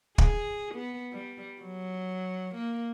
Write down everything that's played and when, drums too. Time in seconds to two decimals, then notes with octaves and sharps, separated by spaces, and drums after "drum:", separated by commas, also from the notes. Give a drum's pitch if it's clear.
0.18 G#4, drum: kick
0.74 B3
1.13 G3
1.62 F#3
2.55 A#3